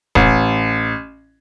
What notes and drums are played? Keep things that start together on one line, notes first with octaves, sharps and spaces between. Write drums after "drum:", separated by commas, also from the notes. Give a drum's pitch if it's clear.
A1, drum: kick